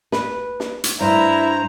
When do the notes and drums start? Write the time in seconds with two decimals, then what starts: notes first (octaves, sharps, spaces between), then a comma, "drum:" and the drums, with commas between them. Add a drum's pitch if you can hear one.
0.12 B4, drum: snare
0.60 drum: snare
0.84 drum: hi-hat
1.01 G2 E4 C5 A#5